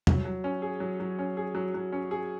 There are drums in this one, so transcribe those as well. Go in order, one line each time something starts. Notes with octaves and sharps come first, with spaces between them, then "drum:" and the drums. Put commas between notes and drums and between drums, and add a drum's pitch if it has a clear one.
F#3, drum: tom E2
F#3
C#4
G#4
F#3
F#3
C#4
G#4
F#3
F#3
C#4
G#4